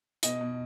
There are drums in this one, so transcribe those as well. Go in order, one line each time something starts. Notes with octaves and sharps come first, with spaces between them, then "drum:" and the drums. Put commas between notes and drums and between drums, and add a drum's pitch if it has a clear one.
B2 D#5, drum: hi-hat
B2